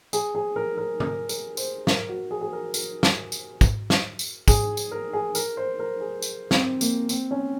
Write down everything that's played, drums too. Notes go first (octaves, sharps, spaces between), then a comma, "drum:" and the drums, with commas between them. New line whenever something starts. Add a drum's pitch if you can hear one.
G#4, drum: tambourine
G#4
A#4
A#4
A#4, drum: tom D3
A#4, drum: tambourine
C5, drum: tambourine
A#4, drum: snare
F#4
G#4
G#4
A#4
A#4, drum: tambourine
drum: snare
drum: tambourine
drum: kick, tambourine
drum: snare
drum: tambourine
G#4, drum: kick, tambourine
drum: tambourine
A#4
G#4
A#4, drum: tambourine
C5
A#4
G#4
drum: tambourine
C4, drum: snare
A#3, drum: tambourine
C4, drum: tambourine
C#4